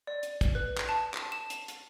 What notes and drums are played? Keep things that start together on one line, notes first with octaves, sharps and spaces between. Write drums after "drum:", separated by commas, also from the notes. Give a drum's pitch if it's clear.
D5
drum: hi-hat
drum: kick, hi-hat
B4
drum: clap
A5
drum: clap
E7
drum: hi-hat
drum: hi-hat